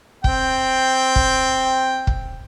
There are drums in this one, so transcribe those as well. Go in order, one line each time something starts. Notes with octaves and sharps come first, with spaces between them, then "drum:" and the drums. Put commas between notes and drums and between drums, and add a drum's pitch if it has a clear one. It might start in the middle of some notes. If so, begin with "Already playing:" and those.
C4 G5, drum: kick
drum: kick
drum: kick